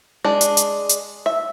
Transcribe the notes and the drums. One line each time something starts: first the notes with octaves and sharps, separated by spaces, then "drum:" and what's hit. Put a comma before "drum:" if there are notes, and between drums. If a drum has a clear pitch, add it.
G#3 D4
drum: hi-hat
drum: hi-hat
drum: hi-hat
E5